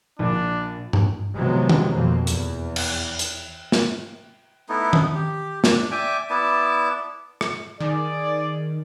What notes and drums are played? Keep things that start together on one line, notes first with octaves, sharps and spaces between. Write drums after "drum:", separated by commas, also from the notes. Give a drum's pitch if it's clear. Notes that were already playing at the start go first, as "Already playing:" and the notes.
A#1 D4
drum: tom G2
C3 D#3 F3 F#3 G#3 B3
drum: tom D#3
F2 B2 A#3 C4
E2, drum: hi-hat
drum: cymbal
drum: hi-hat
drum: snare
A3 B3 D#4 E4
drum: tom D#3
G4
D4, drum: snare
D5 E5 G5 G#5
B3 E4 D5 A5
drum: rim click
D#3 G#4 D5